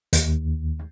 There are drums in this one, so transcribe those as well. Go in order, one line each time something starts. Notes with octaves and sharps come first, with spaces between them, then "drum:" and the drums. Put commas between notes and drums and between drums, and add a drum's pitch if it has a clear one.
D#2, drum: hi-hat